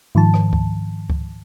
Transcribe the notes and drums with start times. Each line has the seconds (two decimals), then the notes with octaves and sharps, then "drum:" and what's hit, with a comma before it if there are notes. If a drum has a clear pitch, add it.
0.15 G#2 D#3 F3 A5
0.34 drum: rim click
0.53 drum: kick C#2
1.10 drum: kick C#2